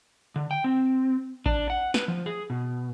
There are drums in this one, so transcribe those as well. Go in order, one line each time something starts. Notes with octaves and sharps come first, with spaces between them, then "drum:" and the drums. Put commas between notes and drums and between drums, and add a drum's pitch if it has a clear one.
D3
G5
C4
D4, drum: kick A1
F#5
B4, drum: snare
F3
G#4
B2